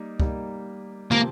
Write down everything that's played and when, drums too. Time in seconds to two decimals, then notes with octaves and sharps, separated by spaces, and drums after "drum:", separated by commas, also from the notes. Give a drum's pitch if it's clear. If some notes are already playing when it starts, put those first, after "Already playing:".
Already playing: G3 A#3 D#4
0.20 G3 A#3 D#4, drum: kick C#2
1.11 C3 F3 A#3 C4, drum: tom